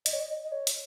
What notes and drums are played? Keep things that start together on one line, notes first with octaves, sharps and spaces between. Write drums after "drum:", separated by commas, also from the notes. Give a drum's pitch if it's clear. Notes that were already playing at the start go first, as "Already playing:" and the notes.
D#5, drum: hi-hat
C#5
D#5
D#5
C#5
drum: hi-hat